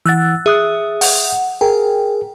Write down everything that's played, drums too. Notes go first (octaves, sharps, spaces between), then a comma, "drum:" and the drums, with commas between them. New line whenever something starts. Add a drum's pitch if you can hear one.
E3 F#5 E6 F#6 A6
G#4 E5 D#6 F#6
F#5, drum: open hi-hat
G#4 A#4 G5